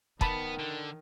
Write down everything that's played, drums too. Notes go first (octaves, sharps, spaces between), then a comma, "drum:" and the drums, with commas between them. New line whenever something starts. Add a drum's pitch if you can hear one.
D#3 B3 A5 B5, drum: kick
D3